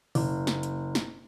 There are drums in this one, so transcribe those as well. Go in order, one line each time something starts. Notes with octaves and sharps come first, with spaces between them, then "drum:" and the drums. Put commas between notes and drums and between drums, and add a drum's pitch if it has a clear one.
F#1, drum: open hi-hat
drum: snare
drum: hi-hat
drum: snare